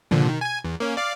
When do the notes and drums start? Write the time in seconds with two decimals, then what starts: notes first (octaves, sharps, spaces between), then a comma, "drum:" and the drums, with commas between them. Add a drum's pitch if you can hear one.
0.11 A#2 D3 F3, drum: tom
0.29 D#3
0.41 G#5 G#6
0.65 E2
0.80 A#3 C#4
0.97 D5 F5 D6